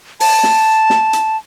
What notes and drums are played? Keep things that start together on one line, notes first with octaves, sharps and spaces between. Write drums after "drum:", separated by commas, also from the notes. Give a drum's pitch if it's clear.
A5, drum: open hi-hat
drum: snare
drum: snare
drum: hi-hat